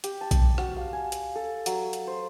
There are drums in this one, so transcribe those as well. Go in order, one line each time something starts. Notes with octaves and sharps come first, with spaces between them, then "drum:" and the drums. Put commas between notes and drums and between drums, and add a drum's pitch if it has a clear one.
G4, drum: hi-hat
A5
drum: kick B1, hi-hat
F#4, drum: rim click
F5
G#5
drum: hi-hat
A4
F#3, drum: hi-hat
drum: hi-hat
C5